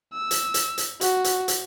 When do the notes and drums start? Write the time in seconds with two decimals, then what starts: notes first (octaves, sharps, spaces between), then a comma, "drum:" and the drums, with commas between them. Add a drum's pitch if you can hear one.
0.14 E6
0.31 drum: hi-hat
0.54 drum: hi-hat
0.78 drum: hi-hat
1.01 F#4, drum: hi-hat
1.24 drum: hi-hat
1.48 drum: hi-hat